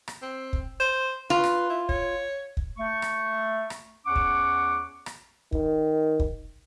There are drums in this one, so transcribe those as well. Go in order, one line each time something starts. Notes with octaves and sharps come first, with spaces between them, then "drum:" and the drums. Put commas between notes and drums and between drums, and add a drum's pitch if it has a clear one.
drum: rim click
C4
drum: kick
C5
F4 B4
drum: rim click
E4
C#5, drum: kick
drum: kick
A3 C#6
drum: rim click
drum: rim click
E2 C#4 F#5 C#6 D6
drum: kick
drum: rim click
D#3, drum: kick
drum: kick